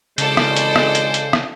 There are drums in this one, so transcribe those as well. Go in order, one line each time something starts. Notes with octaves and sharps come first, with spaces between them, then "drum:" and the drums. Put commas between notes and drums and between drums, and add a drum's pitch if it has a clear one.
G#1 C#3 E3 G#3 A4 C5 D5, drum: hi-hat
drum: rim click
drum: hi-hat
drum: rim click
drum: hi-hat
drum: hi-hat
drum: rim click